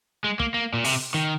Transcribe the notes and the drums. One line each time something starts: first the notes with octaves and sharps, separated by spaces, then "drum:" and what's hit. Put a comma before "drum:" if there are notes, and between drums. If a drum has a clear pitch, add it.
G#3
A#3, drum: kick
A#3
A#2
C3, drum: open hi-hat
D#3